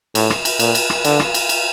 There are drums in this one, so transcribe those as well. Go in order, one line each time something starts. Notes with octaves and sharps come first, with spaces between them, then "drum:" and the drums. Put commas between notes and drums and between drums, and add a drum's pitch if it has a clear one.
A2, drum: cymbal
drum: rim click
drum: cymbal
A#2, drum: cymbal
drum: cymbal
drum: rim click
D3, drum: cymbal
drum: rim click
drum: cymbal
drum: cymbal